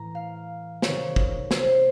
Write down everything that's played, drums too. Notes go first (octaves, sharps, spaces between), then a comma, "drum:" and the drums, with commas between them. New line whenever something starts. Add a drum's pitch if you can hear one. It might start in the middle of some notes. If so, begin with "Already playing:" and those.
Already playing: A2 E3 A#5
F5
C3 D#3 C#5, drum: snare
drum: kick
C5, drum: snare